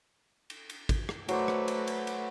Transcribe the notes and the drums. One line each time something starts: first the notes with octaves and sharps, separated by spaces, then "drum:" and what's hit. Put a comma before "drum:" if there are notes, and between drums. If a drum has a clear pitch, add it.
drum: cymbal
drum: cymbal
drum: kick, cymbal
drum: rim click
F#3 A3 B4 C5 D5, drum: cymbal
drum: rim click
drum: cymbal
drum: cymbal
drum: cymbal